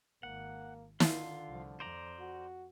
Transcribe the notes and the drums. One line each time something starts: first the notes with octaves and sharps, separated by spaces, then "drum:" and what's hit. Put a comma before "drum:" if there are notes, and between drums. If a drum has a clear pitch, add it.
G#1 A#3 F#5
D3 D#3 F4, drum: snare
C2 F3
F2 C5 D5 A#5
F#4